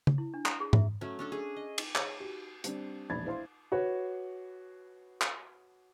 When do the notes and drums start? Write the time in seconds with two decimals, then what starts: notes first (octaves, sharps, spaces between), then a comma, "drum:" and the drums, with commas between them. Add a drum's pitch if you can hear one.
0.07 drum: tom C#3
0.18 E4
0.34 D4
0.46 A#5, drum: clap
0.60 G#4
0.73 E5, drum: tom G#2
1.01 F#3 A3 C#4
1.19 C#4 D4 A4
1.32 G#4
1.56 D#5
1.78 drum: cymbal
1.95 G#4 C#5, drum: clap
2.20 F#4 G4
2.64 G3 C4 D4, drum: hi-hat
3.10 E1 A#1 D4 B5 G#6 A6
3.26 E4 C5 F5 C6
3.72 F#4 B4 C#5
5.21 drum: clap